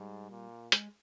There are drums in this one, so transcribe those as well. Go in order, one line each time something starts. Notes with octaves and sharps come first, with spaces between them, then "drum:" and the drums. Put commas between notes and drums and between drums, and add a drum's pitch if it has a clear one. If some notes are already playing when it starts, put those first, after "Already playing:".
Already playing: G#2 G3
A#2
G#3, drum: hi-hat